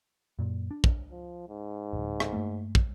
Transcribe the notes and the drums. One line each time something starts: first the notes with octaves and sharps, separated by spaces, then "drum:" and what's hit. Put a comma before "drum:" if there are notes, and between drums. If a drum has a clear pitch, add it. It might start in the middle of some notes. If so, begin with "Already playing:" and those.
F#2 A#2
D4
drum: kick
F3
G#2
D1 G1
drum: rim click
G2 A3 A#3
drum: kick